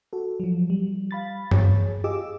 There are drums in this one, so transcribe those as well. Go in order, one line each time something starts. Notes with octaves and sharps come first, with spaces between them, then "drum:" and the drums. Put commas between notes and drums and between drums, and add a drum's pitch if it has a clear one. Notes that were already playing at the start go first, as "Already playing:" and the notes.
F#4 A4
F3 F#3
G3
F5 B5 A6
G#4 C#5, drum: tom G2
F4 G4 G#4 D#5 D6 E6